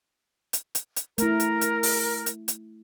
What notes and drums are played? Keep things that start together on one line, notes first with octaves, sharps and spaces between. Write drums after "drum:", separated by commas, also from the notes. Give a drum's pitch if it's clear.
drum: hi-hat
drum: hi-hat
drum: hi-hat
A3 E4 A#4, drum: hi-hat
drum: hi-hat
drum: hi-hat
drum: open hi-hat
drum: hi-hat
drum: hi-hat